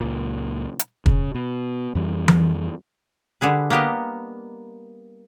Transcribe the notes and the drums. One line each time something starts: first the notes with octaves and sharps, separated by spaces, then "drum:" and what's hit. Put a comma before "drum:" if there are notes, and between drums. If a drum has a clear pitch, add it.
C#2 A#2
drum: hi-hat
C#3, drum: kick
B2
F2 E3 G3
drum: tom E3
D3 G3 G#4 B4
A#3 B3 D4 G4 A#4 D#5